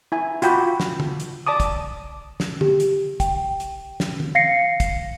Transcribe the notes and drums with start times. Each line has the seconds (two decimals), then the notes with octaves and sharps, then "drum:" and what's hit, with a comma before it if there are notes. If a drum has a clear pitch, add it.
0.12 E4 G#5
0.42 F4 F#4 G5 B5 D6, drum: hi-hat
0.80 drum: snare
1.00 drum: tom
1.20 drum: hi-hat
1.47 D5 A5 D6 D#6
1.60 drum: kick, hi-hat
2.40 drum: snare
2.61 G4, drum: tom
2.80 drum: hi-hat
3.20 G5, drum: kick, hi-hat
3.60 drum: hi-hat
4.00 drum: snare
4.20 drum: tom
4.35 F5 A#6 C7 C#7
4.80 drum: kick, hi-hat